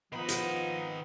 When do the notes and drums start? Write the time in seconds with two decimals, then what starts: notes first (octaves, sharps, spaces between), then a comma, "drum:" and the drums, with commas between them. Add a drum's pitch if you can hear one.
0.12 D#3 F3 B3 D#4 B5
0.28 drum: hi-hat